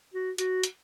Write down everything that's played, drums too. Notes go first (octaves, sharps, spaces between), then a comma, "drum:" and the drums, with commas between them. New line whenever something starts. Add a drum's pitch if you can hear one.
F#4
F#4, drum: hi-hat
drum: hi-hat